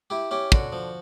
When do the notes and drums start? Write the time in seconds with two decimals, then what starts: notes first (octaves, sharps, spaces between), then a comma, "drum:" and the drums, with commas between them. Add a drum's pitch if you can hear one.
0.10 E4 G4
0.31 C#4 G4
0.52 D3 F#4, drum: kick
0.73 F3